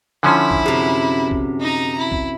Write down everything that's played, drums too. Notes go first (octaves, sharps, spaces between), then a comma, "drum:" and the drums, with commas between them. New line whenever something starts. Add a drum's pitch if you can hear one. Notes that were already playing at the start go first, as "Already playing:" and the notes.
D3 F3 C#4 E4 G#5 C6
drum: kick
F#2 C3 G#4
drum: kick
D#4 A#5
E4
drum: kick